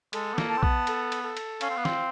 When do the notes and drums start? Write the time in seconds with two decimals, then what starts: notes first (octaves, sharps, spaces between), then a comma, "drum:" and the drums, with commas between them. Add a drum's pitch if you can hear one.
0.13 G#3 A4, drum: cymbal
0.34 B3
0.38 A#3, drum: snare
0.50 A5
0.57 C4
0.63 B3, drum: kick
0.87 A4, drum: cymbal
1.12 drum: cymbal
1.24 A4
1.37 drum: cymbal
1.61 C#4 F5, drum: cymbal
1.70 C4
1.77 B3
1.85 C4, drum: snare